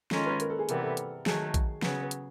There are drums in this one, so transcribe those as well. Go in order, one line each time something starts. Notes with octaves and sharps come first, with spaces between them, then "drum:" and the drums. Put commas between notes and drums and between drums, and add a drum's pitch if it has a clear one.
D#3 G#3 C#4 F4 A4 A#4, drum: snare
B4
A#4, drum: hi-hat
A4
G#4
C3 E3 G3 B3 A#4, drum: hi-hat
A4
drum: hi-hat
D#3 F#3 A3 G#4, drum: snare
drum: kick A#1, hi-hat
C#3 F#3 B3, drum: snare
drum: hi-hat